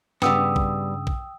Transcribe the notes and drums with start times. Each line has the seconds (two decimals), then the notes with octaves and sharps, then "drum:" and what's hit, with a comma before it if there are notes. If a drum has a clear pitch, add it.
0.22 G2 C#3 G3 B3 G5 D#6 E6, drum: snare
0.56 drum: kick A#1
1.07 drum: kick A#1